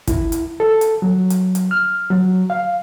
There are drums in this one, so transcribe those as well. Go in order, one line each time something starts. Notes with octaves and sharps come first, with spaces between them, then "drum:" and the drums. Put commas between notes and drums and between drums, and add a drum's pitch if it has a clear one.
E4, drum: kick, hi-hat
drum: hi-hat
A4
drum: hi-hat
F#3
drum: hi-hat
drum: hi-hat
F6
F#3
F5